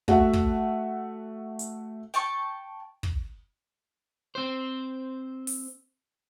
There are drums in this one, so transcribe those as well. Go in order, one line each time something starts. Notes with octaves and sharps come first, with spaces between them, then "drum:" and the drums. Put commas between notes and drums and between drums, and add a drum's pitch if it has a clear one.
A3 F#4 E5 F#5, drum: kick
drum: kick
drum: hi-hat
G5 A5 C#6
drum: kick
C4 C5
drum: open hi-hat